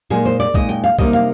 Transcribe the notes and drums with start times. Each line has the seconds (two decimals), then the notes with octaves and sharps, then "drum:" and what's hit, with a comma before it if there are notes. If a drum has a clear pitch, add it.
0.10 A#2 G#3 D#4 G#4
0.25 C5
0.40 D5
0.54 A#2 G#3 D#4 D#5, drum: kick A#1
0.69 G5
0.84 F5
0.99 C3 G3 A#3 D#4 D#5, drum: kick A#1
1.13 F5